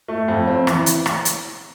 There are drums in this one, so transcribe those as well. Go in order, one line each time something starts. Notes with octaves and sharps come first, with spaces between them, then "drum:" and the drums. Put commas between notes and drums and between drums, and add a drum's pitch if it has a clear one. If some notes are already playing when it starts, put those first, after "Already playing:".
A3
F2
C4
E3, drum: rim click
drum: hi-hat
drum: rim click
drum: hi-hat